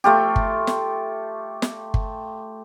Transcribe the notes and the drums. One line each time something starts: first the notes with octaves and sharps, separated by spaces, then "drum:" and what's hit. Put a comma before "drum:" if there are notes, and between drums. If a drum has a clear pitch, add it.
A3 F4 G4
drum: kick G1
drum: snare
drum: snare
drum: kick G1